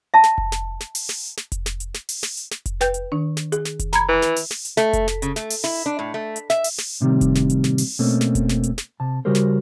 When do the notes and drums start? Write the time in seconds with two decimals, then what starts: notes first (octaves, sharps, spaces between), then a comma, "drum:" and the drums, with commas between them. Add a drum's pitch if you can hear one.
0.14 E5 A5
0.24 drum: snare
0.38 drum: kick F1
0.52 drum: snare
0.80 drum: snare
0.95 drum: open hi-hat
1.09 drum: snare
1.37 drum: snare
1.52 drum: kick F1, hi-hat
1.66 drum: snare
1.80 drum: hi-hat
1.94 drum: snare
2.09 drum: open hi-hat
2.23 drum: snare
2.37 drum: hi-hat
2.51 drum: snare
2.66 drum: kick F1, hi-hat
2.81 B4 G5 G6, drum: snare
2.94 drum: hi-hat
3.12 D#3 D4
3.37 drum: snare
3.52 G#4, drum: hi-hat
3.65 drum: snare
3.79 drum: kick F1, hi-hat
3.93 A#5 B5 G#6, drum: snare
4.09 E3
4.22 drum: snare
4.36 drum: open hi-hat
4.51 drum: snare
4.65 drum: hi-hat
4.77 A3, drum: snare
4.93 drum: kick F1, hi-hat
5.08 drum: snare
5.22 C#3, drum: hi-hat
5.36 A3, drum: snare
5.50 drum: open hi-hat
5.64 E4, drum: snare
5.86 D4
5.99 A2
6.14 A3
6.36 drum: hi-hat
6.50 E5, drum: snare
6.64 drum: open hi-hat
6.78 drum: snare
7.01 A2 C3 D#3 G3
7.21 drum: kick F1, hi-hat
7.35 drum: snare
7.50 drum: hi-hat
7.64 drum: snare
7.78 drum: open hi-hat
7.99 B2 A3 A#3 C4 C#4
8.21 drum: snare
8.35 drum: kick F1, hi-hat
8.49 drum: snare
8.63 drum: hi-hat
8.78 drum: snare
9.00 C3 A5
9.25 C#3 G3 F#4 G4 A#4 C5
9.35 drum: snare